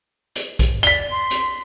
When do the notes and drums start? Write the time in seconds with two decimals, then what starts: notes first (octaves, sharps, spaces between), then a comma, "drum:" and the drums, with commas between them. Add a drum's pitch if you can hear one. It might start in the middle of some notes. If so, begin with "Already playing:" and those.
0.36 drum: hi-hat
0.59 drum: kick A#1, hi-hat
0.83 D5 B6 G7, drum: hi-hat
1.10 C6
1.31 drum: hi-hat